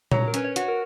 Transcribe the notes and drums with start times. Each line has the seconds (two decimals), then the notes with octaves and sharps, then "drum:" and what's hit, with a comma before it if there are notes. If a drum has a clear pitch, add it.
0.12 F#3 C#5, drum: tom A#2
0.28 A#4
0.34 C#4 B4, drum: hi-hat
0.44 C#5
0.56 F#4, drum: hi-hat
0.68 A#4